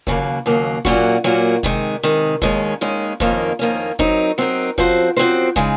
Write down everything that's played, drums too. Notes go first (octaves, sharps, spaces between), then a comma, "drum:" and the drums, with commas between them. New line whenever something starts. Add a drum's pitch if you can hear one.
D#2 C#3 F#3 A#3, drum: kick
D#2 C#3 F#3 A#3
A#2 F#3 A#3 C#4 F#4, drum: kick
A#2 F#3 A#3 C#4 F#4
C3 D#3 G#3, drum: kick
C3 D#3 G#3
D#2 D#3 G#3 C#4, drum: kick
D#2 D#3 G#3 C#4
F2 D#3 A#3 C#4, drum: kick
F2 D#3 A#3 C#4
F#3 C4 D#4 A#4, drum: kick
F#3 C4 D#4 A#4
F#2 F3 C4 F#4 C5, drum: kick
F#2 F3 C4 F#4 C5
C#3 G#3 D#4, drum: kick